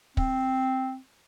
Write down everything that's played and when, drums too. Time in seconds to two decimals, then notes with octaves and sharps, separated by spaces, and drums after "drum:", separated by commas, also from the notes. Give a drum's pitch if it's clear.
0.17 C4, drum: kick